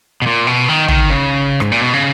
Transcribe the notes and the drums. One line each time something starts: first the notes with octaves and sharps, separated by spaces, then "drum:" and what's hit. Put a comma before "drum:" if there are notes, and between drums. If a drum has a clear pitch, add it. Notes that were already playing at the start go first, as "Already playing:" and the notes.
B2
A#2
B2
D#3
D#3, drum: tom
C#3
G#2, drum: rim click
A#2
B2
C#3